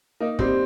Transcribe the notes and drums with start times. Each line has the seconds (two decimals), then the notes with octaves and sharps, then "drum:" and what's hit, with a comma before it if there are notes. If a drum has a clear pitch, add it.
0.20 A#3 D#4
0.39 G3 C4, drum: kick